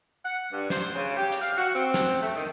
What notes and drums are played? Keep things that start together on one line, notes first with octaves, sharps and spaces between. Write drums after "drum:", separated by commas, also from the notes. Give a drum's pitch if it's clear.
F#5
G2
C5, drum: snare
C#3
G4
drum: hi-hat
F5
F#4
C4
drum: snare
A3
D#3